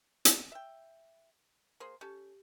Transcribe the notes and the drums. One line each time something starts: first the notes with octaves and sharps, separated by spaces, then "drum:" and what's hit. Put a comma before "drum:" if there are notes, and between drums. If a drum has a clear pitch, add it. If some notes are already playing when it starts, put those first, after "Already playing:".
drum: hi-hat
E5 G5
A#3 G#4 C5
C#4 G4 A4